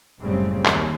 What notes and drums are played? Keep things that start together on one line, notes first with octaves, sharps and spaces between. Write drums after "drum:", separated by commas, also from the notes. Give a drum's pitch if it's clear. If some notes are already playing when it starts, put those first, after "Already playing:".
F#1 F#2 A2 C#3 G3 C4
D#2, drum: clap